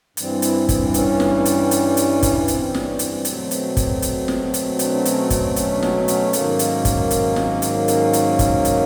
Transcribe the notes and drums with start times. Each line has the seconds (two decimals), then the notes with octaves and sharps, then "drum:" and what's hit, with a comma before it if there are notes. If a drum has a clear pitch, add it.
0.17 G2 E3 G3 C4, drum: hi-hat
0.42 E4, drum: hi-hat
0.69 C4, drum: kick, hi-hat
0.89 C4
0.94 C#4, drum: hi-hat
1.20 drum: snare
1.45 drum: hi-hat
1.71 drum: hi-hat
1.97 drum: hi-hat
2.23 drum: kick, hi-hat
2.48 C4, drum: hi-hat
2.74 C#4, drum: snare
2.99 C4, drum: hi-hat
3.25 B2 F#3 A3 C4, drum: hi-hat
3.51 drum: hi-hat
3.77 drum: kick, hi-hat
4.02 drum: hi-hat
4.28 drum: snare
4.54 drum: hi-hat
4.79 D4, drum: hi-hat
4.94 D4
5.05 C#4, drum: hi-hat
5.30 C4, drum: kick, hi-hat
5.56 C#4, drum: hi-hat
5.71 D4
5.83 C#4, drum: snare
6.08 C#4, drum: hi-hat
6.33 G#2 D#3 F#3 A#3, drum: hi-hat
6.59 drum: hi-hat
6.85 drum: kick, hi-hat
7.11 drum: hi-hat
7.36 drum: snare
7.62 drum: hi-hat
7.88 C#4, drum: hi-hat
8.13 drum: hi-hat
8.39 drum: kick, hi-hat
8.65 drum: hi-hat